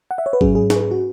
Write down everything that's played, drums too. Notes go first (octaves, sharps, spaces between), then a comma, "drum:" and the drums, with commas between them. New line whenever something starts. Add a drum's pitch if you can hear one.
F#5
E5
C#5
B4
G#2 F#3 C#4 G#4, drum: kick
G#4
G#4, drum: snare
B4
G#4
F#4